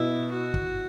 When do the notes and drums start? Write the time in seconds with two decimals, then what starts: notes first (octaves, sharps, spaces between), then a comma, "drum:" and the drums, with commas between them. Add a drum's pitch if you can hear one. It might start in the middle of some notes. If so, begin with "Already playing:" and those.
Already playing: B2 E4
0.32 F#4
0.54 drum: kick